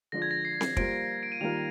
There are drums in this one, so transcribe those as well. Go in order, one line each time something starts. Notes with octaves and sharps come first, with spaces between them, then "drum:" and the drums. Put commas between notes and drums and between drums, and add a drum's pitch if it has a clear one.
D3 F3 G#3 D4 F4 A#6
G#6
A#6
C7
drum: snare C4
G3 A#3 F4 C5 D7, drum: kick
D7
D#7
D#3 G3 A#3 F4 A#4 F7